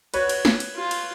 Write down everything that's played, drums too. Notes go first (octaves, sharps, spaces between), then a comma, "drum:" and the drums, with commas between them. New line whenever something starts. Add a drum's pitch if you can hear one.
F#4 B4 C#5, drum: cymbal
drum: cymbal
drum: snare
drum: cymbal
F4
drum: cymbal